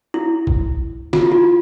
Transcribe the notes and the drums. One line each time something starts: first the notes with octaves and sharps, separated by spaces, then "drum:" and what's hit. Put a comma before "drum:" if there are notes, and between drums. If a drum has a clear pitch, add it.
E4
drum: kick
F4, drum: snare
E4
F4